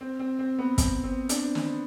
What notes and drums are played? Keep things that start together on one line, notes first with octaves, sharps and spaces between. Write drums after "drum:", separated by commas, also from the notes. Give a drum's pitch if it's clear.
C4
C4
C4
B3
drum: kick, hi-hat
C4
D4, drum: hi-hat
drum: snare